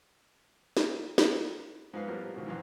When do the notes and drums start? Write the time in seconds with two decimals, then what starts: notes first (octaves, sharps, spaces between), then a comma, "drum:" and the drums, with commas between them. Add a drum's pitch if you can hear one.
0.77 drum: snare
1.18 drum: snare
1.93 G#2 F3 B4 F5
2.07 A2 F3 G3 A#3 B3
2.34 D#2 G#2 B2
2.46 C2 G2 E3